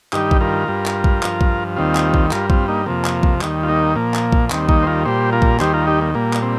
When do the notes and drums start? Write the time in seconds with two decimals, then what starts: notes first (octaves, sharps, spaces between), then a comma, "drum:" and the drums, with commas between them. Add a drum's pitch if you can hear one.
0.13 G2 D#3 G3 D#4 G4, drum: clap
0.31 drum: kick A#1
0.41 F4 A#4
0.68 G2 G3
0.86 drum: clap
1.04 drum: kick A#1
1.23 G2 F3, drum: clap
1.41 drum: kick A#1
1.77 D#2 D#3 G3 C4 F4
1.95 drum: clap
2.14 drum: kick A#1
2.31 G2 G3 F4 A#4, drum: clap
2.50 C4 F4, drum: kick A#1
2.68 A#3 D#4
2.86 F2 C3 F3 A#3
3.05 drum: clap
3.23 drum: kick A#1
3.41 D#2 D#3 G3, drum: clap
3.63 F4
3.68 A#3 D#4
3.96 A#2 F3 A#3
4.14 drum: clap
4.32 drum: kick A#1
4.50 D#2 D#3 G3 C4, drum: clap
4.69 A#3 D#4, drum: kick A#1
4.82 C5
4.87 F4 A#4
5.05 A#2 G3 G4 C5
5.33 F4 A#4
5.42 drum: kick A#1
5.60 D#2 D#3 G3 G4 C5, drum: clap
5.73 F4 A#4
5.87 D#4 G4
6.01 A#3
6.15 A#2 G3 A#3
6.33 drum: clap
6.42 C4